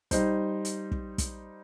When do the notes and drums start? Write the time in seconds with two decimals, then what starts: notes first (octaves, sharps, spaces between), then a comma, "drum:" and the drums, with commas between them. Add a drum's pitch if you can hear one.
0.11 G3 D#4 C5, drum: kick, hi-hat
0.65 drum: hi-hat
0.91 drum: kick
1.18 drum: kick, hi-hat